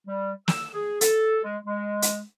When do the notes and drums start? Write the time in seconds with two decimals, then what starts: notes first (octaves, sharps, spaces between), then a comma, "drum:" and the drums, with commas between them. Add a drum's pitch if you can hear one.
0.07 G3
0.48 E6, drum: snare
0.74 G#4
1.01 A4, drum: hi-hat
1.44 G#3
1.66 G#3
2.02 drum: hi-hat